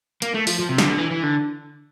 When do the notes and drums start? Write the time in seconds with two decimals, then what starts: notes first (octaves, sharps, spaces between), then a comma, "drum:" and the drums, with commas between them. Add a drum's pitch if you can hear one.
0.22 A#3, drum: hi-hat
0.34 A3
0.47 F3, drum: open hi-hat
0.59 F3
0.69 C3
0.78 D3, drum: snare
0.89 D3
0.98 E3
1.11 E3
1.23 D3